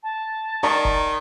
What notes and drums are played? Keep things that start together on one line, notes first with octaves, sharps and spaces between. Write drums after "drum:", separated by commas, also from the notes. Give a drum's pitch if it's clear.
A5
D#3 D5 A#5 C#6
drum: kick F1